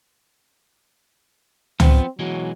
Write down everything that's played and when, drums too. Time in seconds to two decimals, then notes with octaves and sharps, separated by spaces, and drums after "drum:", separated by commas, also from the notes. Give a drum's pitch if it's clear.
1.80 F3 B3 C4, drum: tom
2.19 B2 E3 F#3 G#3